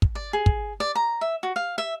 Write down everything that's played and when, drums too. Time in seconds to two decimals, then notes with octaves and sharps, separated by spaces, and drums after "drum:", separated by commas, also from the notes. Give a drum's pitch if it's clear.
0.02 drum: kick
0.15 D5
0.33 G#4
0.46 drum: kick
0.80 D5
0.95 A#5
1.21 E5
1.43 F#4
1.56 F5
1.78 E5